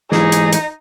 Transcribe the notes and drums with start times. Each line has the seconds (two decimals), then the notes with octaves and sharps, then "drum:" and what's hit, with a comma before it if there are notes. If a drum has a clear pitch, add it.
0.12 G#2 E3 D#4 G#4, drum: snare
0.32 drum: hi-hat
0.52 drum: hi-hat